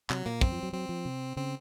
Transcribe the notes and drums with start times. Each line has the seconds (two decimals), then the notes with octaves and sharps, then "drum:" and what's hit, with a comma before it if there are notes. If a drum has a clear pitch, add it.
0.10 C3 F#3, drum: clap
0.26 A#2 A#3
0.41 F#2 C4, drum: kick
0.52 F3
0.63 F#3
0.73 F#3 C4
0.89 F3
1.05 C3
1.37 C#3 C4